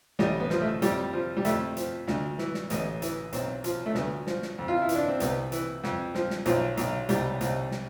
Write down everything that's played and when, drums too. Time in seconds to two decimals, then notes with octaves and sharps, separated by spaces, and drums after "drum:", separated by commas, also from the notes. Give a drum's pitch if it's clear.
0.19 A1 G3, drum: snare
0.40 B3
0.50 F3, drum: snare
0.62 A3
0.82 F2 G3, drum: hi-hat
1.13 F3
1.37 G3
1.45 F2 A3, drum: hi-hat
1.77 F3, drum: hi-hat
2.08 D2, drum: snare
2.39 E3, drum: snare
2.54 drum: snare
2.70 A1 B3, drum: hi-hat
3.02 E3, drum: hi-hat
3.33 B1 C4, drum: hi-hat
3.64 F3, drum: hi-hat
3.86 A3
3.95 D2 B3, drum: snare
4.27 F3, drum: snare
4.42 drum: snare
4.59 F2
4.68 F4
4.82 E4
4.89 E3, drum: hi-hat
4.95 D4
5.08 C4
5.20 C2 B3, drum: hi-hat
5.52 E3, drum: hi-hat
5.84 F2, drum: snare
6.15 F3, drum: snare
6.30 drum: snare
6.46 B1 F3, drum: hi-hat
6.77 B1, drum: hi-hat
7.09 C2 G3, drum: hi-hat
7.41 C2, drum: hi-hat
7.71 drum: snare